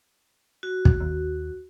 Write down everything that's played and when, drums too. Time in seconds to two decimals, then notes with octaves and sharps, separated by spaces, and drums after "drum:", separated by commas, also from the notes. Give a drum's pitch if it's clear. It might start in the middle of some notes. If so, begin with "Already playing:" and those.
0.63 F#4
0.85 drum: kick
1.00 D#2